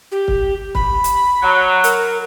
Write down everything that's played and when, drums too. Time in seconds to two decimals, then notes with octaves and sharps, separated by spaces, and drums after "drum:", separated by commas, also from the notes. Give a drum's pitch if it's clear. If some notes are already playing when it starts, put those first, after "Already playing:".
0.12 G4
0.28 drum: kick
0.75 B5, drum: kick
1.04 drum: hi-hat
1.42 F#3
1.84 A#4, drum: hi-hat